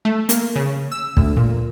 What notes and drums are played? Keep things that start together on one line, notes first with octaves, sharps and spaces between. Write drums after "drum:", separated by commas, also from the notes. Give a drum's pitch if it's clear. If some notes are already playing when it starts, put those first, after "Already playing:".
A3
A#3, drum: hi-hat
C#3
E6
D2, drum: kick
A#2